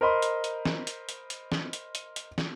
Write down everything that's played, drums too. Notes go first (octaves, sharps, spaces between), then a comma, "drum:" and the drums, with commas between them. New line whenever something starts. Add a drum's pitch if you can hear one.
A#4 C5 D#5 B5 C6
drum: hi-hat
drum: hi-hat
drum: snare
drum: hi-hat
drum: hi-hat
drum: hi-hat
drum: snare
drum: hi-hat
drum: hi-hat
drum: hi-hat
drum: snare